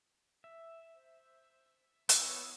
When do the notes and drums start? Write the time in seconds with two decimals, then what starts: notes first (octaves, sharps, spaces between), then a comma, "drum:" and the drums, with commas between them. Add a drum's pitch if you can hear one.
0.44 E5
0.95 C5
2.09 B3 E4 C#5 D#6 E6, drum: hi-hat